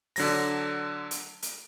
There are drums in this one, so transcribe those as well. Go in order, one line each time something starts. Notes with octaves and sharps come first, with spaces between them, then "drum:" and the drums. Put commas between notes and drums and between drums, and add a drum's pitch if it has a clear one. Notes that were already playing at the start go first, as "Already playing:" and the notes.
D3 F#3 A#6, drum: open hi-hat
drum: hi-hat
drum: hi-hat